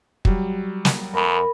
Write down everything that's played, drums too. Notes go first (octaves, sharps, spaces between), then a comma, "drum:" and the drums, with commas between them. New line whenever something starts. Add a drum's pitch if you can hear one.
F#3 G3, drum: kick
drum: snare
F2 A#4 B5